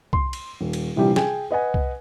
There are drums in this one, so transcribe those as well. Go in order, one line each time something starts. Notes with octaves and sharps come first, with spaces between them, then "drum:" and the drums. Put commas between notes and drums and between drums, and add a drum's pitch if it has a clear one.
C6, drum: kick C2
drum: cymbal
D#1
drum: cymbal
A#1 C3 E3 G3 G4
G#4 G5 G#5, drum: snare
B4 D#5 F#5 G#5
drum: kick C2